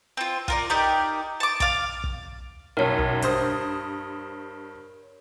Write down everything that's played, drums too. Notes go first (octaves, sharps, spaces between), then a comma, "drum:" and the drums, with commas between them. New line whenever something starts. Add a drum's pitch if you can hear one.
C4 F4
F4 A#4 D5, drum: kick
D#4 G4 A#4 D5
A5 D6
D5 F5, drum: kick
drum: kick
B1 F#2 A#4 C#5
drum: kick
G2 C5 D#6, drum: hi-hat